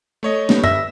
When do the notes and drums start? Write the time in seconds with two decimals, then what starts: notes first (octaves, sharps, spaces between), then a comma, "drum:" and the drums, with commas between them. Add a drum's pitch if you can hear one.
0.23 A3 C#5 D#5
0.49 D3 G3 B3, drum: snare
0.64 E5 A#6 B6, drum: tom F#2